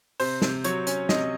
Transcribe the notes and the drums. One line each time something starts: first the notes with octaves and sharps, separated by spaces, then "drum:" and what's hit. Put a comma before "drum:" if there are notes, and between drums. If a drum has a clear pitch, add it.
C3 C5, drum: open hi-hat
C3, drum: snare
F#3 C#5, drum: hi-hat
C#4, drum: hi-hat
C3 D#5, drum: snare